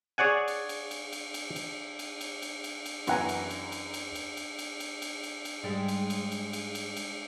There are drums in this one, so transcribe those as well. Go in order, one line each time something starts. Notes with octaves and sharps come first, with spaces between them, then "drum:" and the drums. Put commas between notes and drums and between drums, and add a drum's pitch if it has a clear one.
G#4 C#5 D5 F#5 G#5
drum: cymbal
drum: cymbal
drum: cymbal
drum: cymbal
drum: cymbal
drum: cymbal
drum: cymbal
drum: cymbal
drum: cymbal
drum: cymbal
drum: cymbal
F#2 E3 B3 F#5 G#5 A#5, drum: cymbal
drum: cymbal
drum: cymbal
drum: cymbal
drum: cymbal
drum: cymbal
drum: cymbal
drum: cymbal
drum: cymbal
drum: cymbal
drum: cymbal
drum: cymbal
G#2 G3 G#3
drum: cymbal
drum: cymbal
drum: cymbal
drum: cymbal
drum: cymbal
drum: cymbal